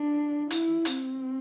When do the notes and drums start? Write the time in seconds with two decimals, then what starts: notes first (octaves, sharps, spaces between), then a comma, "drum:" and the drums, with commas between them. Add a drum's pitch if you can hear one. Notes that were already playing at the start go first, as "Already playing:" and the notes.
Already playing: D4
0.50 E4, drum: hi-hat
0.85 C4, drum: hi-hat